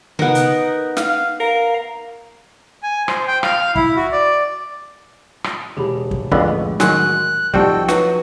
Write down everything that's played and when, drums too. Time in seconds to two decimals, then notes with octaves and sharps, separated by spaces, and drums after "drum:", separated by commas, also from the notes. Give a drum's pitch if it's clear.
0.19 B3 D#4 A#4, drum: tom C3
0.35 drum: hi-hat
0.97 F5, drum: snare
1.40 A#4 F5 A#5
2.83 G#5
3.08 C5, drum: rim click
3.28 G5
3.43 F5, drum: rim click
3.75 E4, drum: kick
3.96 F#4
4.12 D5
5.44 drum: rim click
5.77 E1 G4 G#4 B5
6.11 drum: kick
6.32 A1 F2 D3 G#3 B3 C#5 B5, drum: kick
6.80 D#3 F#3 G#5 C6 F#6, drum: snare
7.54 F3 G3 C4 D#4 F#4 G4 A4 G5, drum: kick
7.89 F#3 F#4 B4, drum: snare